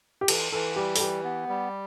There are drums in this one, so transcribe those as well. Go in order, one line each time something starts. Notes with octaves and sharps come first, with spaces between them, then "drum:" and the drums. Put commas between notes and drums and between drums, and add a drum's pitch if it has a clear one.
G4
E3 A4, drum: cymbal
E3 A4
G3 G4
A4, drum: open hi-hat
E3 G4
B3
G3